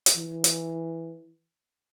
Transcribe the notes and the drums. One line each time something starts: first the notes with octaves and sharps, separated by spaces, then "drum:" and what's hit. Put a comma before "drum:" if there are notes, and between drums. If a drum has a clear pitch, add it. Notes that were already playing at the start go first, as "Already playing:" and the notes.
drum: hi-hat
E3
drum: hi-hat